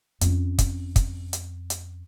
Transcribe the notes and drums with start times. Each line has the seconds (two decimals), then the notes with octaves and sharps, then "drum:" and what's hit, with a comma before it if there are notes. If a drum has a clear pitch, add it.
0.21 F2 C#4, drum: hi-hat
0.59 drum: kick, hi-hat
0.96 drum: kick, hi-hat
1.33 drum: hi-hat
1.70 drum: hi-hat